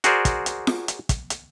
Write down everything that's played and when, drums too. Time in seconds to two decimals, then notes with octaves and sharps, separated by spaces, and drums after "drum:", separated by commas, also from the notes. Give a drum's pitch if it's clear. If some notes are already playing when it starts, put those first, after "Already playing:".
0.04 F#4 G#4 A#4 C5 D5, drum: hi-hat
0.25 drum: kick, hi-hat
0.46 drum: hi-hat
0.67 drum: snare F4
0.88 drum: hi-hat
1.09 drum: kick, hi-hat
1.30 drum: hi-hat